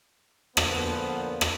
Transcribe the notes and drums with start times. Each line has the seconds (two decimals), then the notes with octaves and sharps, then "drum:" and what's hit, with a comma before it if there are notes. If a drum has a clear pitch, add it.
0.57 A#2 D3 F3 B3, drum: rim click
1.41 drum: rim click